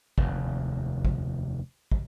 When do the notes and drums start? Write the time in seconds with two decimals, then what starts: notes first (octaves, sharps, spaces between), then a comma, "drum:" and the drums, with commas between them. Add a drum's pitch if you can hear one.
0.18 F1 D#2, drum: kick
1.05 drum: kick
1.91 drum: kick